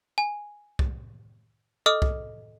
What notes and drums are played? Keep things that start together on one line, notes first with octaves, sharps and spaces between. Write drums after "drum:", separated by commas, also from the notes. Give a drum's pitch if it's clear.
G#5
drum: kick C2
A4 D#5 D6 D#6 F6
drum: kick C2